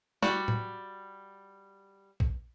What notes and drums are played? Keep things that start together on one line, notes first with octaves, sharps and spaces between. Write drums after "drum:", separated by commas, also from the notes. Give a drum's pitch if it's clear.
G3 F#4, drum: snare
drum: tom A2
drum: kick